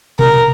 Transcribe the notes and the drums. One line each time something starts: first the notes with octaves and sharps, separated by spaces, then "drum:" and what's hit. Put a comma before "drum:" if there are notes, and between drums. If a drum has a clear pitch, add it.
A#4, drum: tom B2